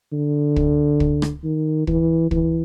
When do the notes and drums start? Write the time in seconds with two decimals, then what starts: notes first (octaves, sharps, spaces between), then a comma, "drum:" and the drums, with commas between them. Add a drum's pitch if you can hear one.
0.13 D3
0.56 drum: kick
1.00 drum: kick
1.22 drum: rim click
1.44 D#3
1.87 E3, drum: kick
2.31 E3, drum: kick